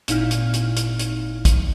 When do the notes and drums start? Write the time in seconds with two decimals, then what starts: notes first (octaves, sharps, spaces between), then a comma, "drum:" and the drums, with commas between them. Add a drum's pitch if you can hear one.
0.08 G#1 A#2 D#4 E4 F6, drum: hi-hat
0.31 drum: hi-hat
0.54 drum: hi-hat
0.77 drum: hi-hat
0.99 drum: hi-hat
1.45 drum: kick, hi-hat